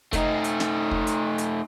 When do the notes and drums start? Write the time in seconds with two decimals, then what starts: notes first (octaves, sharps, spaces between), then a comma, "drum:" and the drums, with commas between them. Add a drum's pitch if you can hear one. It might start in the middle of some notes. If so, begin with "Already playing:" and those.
0.13 A3 D#4, drum: kick, hi-hat
0.44 drum: hi-hat
0.60 drum: snare
0.91 drum: kick
1.07 drum: hi-hat
1.38 drum: hi-hat